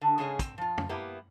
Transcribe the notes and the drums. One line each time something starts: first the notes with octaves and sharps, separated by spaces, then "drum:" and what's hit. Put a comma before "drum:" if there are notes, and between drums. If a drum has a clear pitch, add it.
D3
G#2 C#3 G#4 C#5
C4, drum: kick, hi-hat
F3 F4
drum: tom F2
A#3 B3 E4 G4